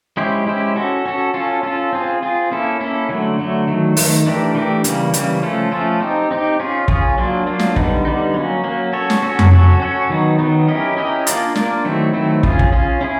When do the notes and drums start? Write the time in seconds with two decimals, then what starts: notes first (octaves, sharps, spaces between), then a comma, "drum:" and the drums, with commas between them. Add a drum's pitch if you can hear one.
0.17 G#3 C#4 E4 G4 C5
0.46 G#3 C#4 E4 G4 C5
0.76 C#4 F#4 A4
1.06 C#4 F#4 A4
1.34 C#4 F4 A4
1.63 C#4 F4 A4
1.93 C4 F4 G#4
2.22 C4 F4 G#4
2.51 A#3 C#4 E4 A4
2.80 A#3 C#4 E4 A4
3.09 D3 F#3 A3
3.39 D3 F#3 A3
3.68 D#3 F#3 A3
3.97 D#3 F#3 A3, drum: open hi-hat
4.26 E3 A3 D4 G4 A#4
4.55 E3 A3 D4 G4 A#4
4.84 C#3 E3 G3 A#3, drum: hi-hat
5.14 C#3 E3 G3 A#3, drum: hi-hat
5.42 F3 A3 C#4 F4 A4
5.72 F3 A3 C#4 F4 A4
6.00 C4 D#4 G4
6.31 C4 D#4 G4
6.60 C#4 F4 G#4
6.88 C#4 F4 G#4, drum: kick
7.18 F#3 A#3 D4 F4
7.47 F#3 A#3 D4 F4
7.59 drum: snare
7.76 D3 G3 B3 D#4, drum: kick
8.05 D3 G3 B3 D#4
8.34 F#3 A#3 C#4
8.64 F#3 A#3 C#4
8.93 C#4 F#4 A4 C#5
9.10 drum: snare
9.22 C#4 F#4 A4 C#5
9.39 drum: tom F2
9.52 C#4 F#4 A4 C#5
9.80 C#4 F#4 A4 C#5
10.10 D#3 F#3 B3 D#4
10.39 D#3 F#3 B3 D#4
10.68 C#4 E4 G4 A#4 D#5
10.97 C#4 E4 G4 A#4 D#5
11.27 A#3 D4 F4 A#4 D5, drum: hi-hat
11.56 A#3 D4 F4 A#4 D5, drum: snare
11.85 D#3 F#3 A3 C4 E4
12.13 D#3 F#3 A3 C4 E4
12.43 C#4 F4 G#4, drum: kick
12.59 drum: kick
12.72 C#4 F4 G#4
13.01 C#4 E4 G#4